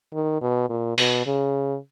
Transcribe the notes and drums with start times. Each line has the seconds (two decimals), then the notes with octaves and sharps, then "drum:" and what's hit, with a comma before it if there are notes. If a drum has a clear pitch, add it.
0.13 D#3
0.42 B2
0.70 A#2
0.98 B2, drum: open hi-hat
1.27 C#3